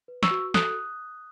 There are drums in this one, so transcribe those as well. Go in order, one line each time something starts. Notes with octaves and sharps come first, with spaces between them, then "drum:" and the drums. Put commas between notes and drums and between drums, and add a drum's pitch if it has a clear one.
B4
C#6 E6, drum: snare
F#4
A4 D#6 F#6, drum: snare